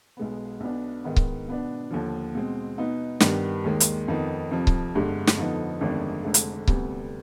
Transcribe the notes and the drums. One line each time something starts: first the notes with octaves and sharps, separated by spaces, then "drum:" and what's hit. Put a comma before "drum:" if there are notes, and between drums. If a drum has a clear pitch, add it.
B1 B2 G#3 B3
B1 B2 B3 D4
G#2 D#3 B3
drum: kick C#1
B2 B3 D4
D#2 D3 F3
B2 G#3 C4
B2 B3 D#4
G2 D#3 G3 B3, drum: snare
D#2 D#3 G#3
drum: hi-hat
F2 D#3 B3 D#4
F2 C3 F3
drum: kick C#1
G1 G2 D3 G#3
drum: snare
F2 D3 F3 B3 D#4
G1 F2 D#3 G#3 D4
F1 F2 D3 G#3
drum: hi-hat
D2 C3 G3 B3, drum: kick C#1